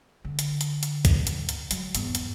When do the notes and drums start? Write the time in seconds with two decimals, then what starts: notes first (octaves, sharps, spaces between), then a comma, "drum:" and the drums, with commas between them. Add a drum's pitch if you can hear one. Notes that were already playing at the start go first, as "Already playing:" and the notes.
0.25 D3
0.39 drum: hi-hat
0.61 drum: hi-hat
0.83 drum: hi-hat
1.05 drum: kick, hi-hat
1.27 drum: hi-hat
1.49 drum: hi-hat
1.71 F#3, drum: hi-hat
1.95 E2 G#2, drum: hi-hat
2.15 drum: hi-hat